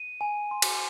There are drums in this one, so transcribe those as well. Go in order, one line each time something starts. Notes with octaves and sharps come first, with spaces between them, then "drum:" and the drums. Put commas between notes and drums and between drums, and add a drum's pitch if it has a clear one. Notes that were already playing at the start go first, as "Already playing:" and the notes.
Already playing: D#7
G#5
C6
drum: cymbal